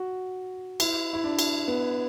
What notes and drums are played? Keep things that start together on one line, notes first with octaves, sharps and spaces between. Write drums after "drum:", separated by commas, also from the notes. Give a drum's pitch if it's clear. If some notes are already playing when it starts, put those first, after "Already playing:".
Already playing: F#4
E4, drum: cymbal
E4
D4
drum: cymbal
B3